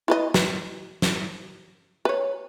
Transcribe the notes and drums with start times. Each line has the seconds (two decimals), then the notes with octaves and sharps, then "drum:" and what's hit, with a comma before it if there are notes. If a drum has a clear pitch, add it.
0.08 E4 B4 D#5
0.34 B4, drum: snare
1.02 drum: snare
2.05 B4 C#5